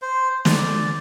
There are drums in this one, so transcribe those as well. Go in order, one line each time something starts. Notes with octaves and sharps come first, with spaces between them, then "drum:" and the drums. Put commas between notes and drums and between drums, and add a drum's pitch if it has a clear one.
C5
D5, drum: snare